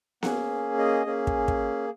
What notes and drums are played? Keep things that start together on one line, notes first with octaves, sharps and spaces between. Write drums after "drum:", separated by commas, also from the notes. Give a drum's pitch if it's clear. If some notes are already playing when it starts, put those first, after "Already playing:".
A#3 C#4 G#4 F#5, drum: snare B3
D#5
A#3 C#4 G#4
drum: kick
drum: kick